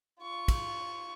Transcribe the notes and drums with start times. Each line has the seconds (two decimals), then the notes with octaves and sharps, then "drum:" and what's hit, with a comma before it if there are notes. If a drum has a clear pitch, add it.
0.21 F4 C#6
0.48 drum: kick, cymbal